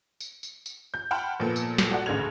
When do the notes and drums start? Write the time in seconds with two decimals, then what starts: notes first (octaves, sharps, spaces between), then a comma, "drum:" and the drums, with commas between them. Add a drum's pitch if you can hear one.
0.21 drum: tambourine
0.43 drum: tambourine
0.66 drum: tambourine
0.94 G6
1.11 F#5 G5 A5 B5 C6 F6
1.40 A#2 F3 A#3 B3 A4
1.56 drum: tambourine
1.78 drum: snare
1.91 F#4 A4 D5 F#5
2.06 A1 D2 C#3 A4 G#6 F7